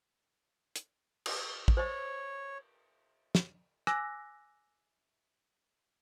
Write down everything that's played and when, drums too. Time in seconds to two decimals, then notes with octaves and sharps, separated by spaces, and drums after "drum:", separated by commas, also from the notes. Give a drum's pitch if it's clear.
0.76 drum: hi-hat
1.26 drum: cymbal
1.68 drum: kick
1.77 C5 C#5 D#5
3.35 drum: snare
3.87 G#5 D6 E6 F#6 A#6, drum: rim click